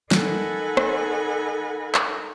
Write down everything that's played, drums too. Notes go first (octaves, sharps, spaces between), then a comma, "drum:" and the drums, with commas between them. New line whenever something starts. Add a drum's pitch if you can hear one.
D#4 A4 A#4 F#5 G#5 B5, drum: snare
drum: rim click
drum: clap